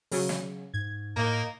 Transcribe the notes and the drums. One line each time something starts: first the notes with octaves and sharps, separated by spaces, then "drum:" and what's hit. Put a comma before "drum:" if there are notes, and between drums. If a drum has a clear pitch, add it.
C#3 F#3, drum: open hi-hat
drum: snare
G#2 G#6
A2 A#3 D#4